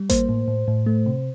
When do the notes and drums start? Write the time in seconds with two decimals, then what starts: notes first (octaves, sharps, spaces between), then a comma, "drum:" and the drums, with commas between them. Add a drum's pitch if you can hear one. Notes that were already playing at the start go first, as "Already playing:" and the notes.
Already playing: G3
0.10 A#3 C5, drum: kick A1, hi-hat
0.29 A2
0.48 A2
0.68 A2
0.86 A3
1.06 C3